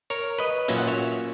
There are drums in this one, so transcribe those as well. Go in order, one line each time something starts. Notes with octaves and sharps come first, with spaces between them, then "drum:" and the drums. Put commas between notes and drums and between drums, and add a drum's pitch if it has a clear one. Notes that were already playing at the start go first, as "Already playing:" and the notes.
A#4 C#5
B4 D#5
A#2 F#3 A#3 C#4 E5, drum: hi-hat
F#5
C#5 E5